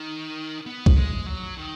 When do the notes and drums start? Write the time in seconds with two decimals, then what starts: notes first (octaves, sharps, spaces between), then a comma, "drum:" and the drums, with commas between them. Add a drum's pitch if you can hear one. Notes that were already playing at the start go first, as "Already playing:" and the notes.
Already playing: D#3
0.66 B3
0.86 drum: kick B1
0.96 G#3
1.26 F#3
1.58 D#3